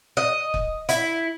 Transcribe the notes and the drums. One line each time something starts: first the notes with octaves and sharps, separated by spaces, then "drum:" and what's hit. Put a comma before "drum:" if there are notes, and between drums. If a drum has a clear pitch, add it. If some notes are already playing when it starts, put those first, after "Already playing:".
D#5
drum: kick
E4, drum: hi-hat